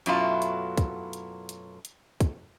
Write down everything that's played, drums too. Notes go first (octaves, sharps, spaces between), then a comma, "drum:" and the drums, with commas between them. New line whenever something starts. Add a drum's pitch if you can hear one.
F#2 B2 F#3 A3 E4 F4, drum: hi-hat
drum: hi-hat
drum: kick, hi-hat
drum: hi-hat
drum: hi-hat
drum: hi-hat
drum: kick, hi-hat